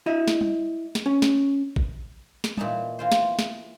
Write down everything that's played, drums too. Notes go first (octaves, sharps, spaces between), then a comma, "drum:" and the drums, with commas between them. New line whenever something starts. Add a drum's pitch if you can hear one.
E4 D#5 E5
drum: snare
drum: tom G3
drum: snare
C#4
drum: snare
drum: kick
drum: snare
A#2 E3 D#4 A5, drum: tom G3
E3 F4 C5
drum: snare
drum: snare